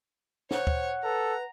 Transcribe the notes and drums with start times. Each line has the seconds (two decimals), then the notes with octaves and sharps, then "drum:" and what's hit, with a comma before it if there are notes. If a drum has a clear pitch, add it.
0.51 C5 C#5 F#5, drum: snare
0.67 drum: kick D2
1.04 A4 B4 A#5